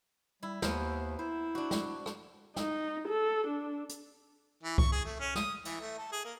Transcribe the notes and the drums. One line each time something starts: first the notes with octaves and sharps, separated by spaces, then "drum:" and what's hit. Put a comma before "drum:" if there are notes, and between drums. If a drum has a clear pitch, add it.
G3 E4
D#2 B3 A#4 C5, drum: snare
E4 C5
D4 F#4
drum: snare
drum: rim click
D#4, drum: snare
A4
D4
drum: hi-hat
E3
C#6, drum: kick C2
G#4
A3
C#4
D#6, drum: snare
E3, drum: cymbal
A3
A4
G#4
A#3